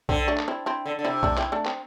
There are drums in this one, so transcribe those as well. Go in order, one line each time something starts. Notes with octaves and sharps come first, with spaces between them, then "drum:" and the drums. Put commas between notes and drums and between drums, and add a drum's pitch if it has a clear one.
D3 C4, drum: kick B1
A3 D4
drum: clap
C4 E4
C4 E4
D3
D3
C3 C4 E4
A3 D4, drum: kick B1
C4 E4, drum: clap
A3 D4
C4, drum: clap